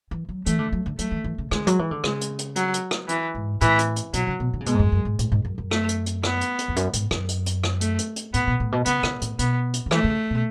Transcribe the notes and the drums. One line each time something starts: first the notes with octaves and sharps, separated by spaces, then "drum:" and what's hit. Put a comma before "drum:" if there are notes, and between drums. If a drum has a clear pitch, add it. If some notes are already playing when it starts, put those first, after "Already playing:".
E3
F#3
E3 A3, drum: hi-hat
D3
F#3
D3
F#3 A3, drum: hi-hat
E3
E3
C#3
D3 G#3, drum: rim click
F#3, drum: hi-hat
E3
D3
C#3 G#3, drum: rim click
drum: hi-hat
drum: hi-hat
F#3, drum: hi-hat
drum: hi-hat
drum: rim click
E3, drum: hi-hat
G#2
A2 E3, drum: hi-hat
drum: hi-hat
drum: hi-hat
B2 F#3, drum: hi-hat
C#3
B2
D3
C#3
B2 G#3, drum: hi-hat
G#2
F#2
F#2
G#2
A2, drum: hi-hat
G#2
F#2
F#2
A3, drum: rim click
drum: hi-hat
drum: hi-hat
B3, drum: rim click
drum: hi-hat
drum: hi-hat
E2
F#2, drum: hi-hat
G#2, drum: hi-hat
F#2, drum: rim click
drum: hi-hat
drum: hi-hat
drum: rim click
A3, drum: hi-hat
drum: hi-hat
drum: hi-hat
A2 B3, drum: hi-hat
B2
A2
B2
C#3 B3, drum: hi-hat
C#3, drum: rim click
A2, drum: hi-hat
B2 B3, drum: hi-hat
drum: hi-hat
D3
E3 A3, drum: rim click
C#3
B2